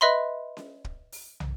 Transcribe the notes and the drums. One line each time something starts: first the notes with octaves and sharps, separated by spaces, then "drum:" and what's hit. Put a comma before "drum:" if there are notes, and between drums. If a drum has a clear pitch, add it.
B4 D#5 E5 B5 C6
drum: snare C#4
drum: kick
drum: open hi-hat
drum: tom